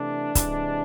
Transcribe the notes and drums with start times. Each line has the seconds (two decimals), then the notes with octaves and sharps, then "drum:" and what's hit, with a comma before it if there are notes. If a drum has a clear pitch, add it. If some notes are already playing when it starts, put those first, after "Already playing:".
Already playing: C3 E3 A3 D4
0.35 C3 E3 G#3, drum: kick C#1, hi-hat